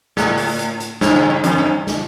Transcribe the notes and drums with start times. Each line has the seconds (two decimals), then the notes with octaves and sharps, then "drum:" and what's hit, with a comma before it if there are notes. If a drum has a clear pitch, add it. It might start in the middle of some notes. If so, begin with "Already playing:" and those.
0.17 A2, drum: snare
0.38 drum: open hi-hat
0.59 drum: hi-hat
0.80 drum: hi-hat
1.01 G2, drum: snare
1.16 G2
1.30 G2
1.44 F2, drum: hi-hat
1.58 G2
1.87 drum: snare